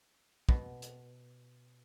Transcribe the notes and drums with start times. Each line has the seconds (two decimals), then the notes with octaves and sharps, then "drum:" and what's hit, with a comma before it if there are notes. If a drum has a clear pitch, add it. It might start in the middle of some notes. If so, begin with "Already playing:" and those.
0.49 B2, drum: kick
0.82 drum: hi-hat